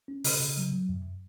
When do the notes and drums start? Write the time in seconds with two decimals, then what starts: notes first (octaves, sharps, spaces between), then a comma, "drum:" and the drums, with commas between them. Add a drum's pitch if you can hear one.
0.08 C#4
0.24 C#3, drum: open hi-hat
0.40 C#3
0.57 F#3
0.73 F#3
0.89 F#2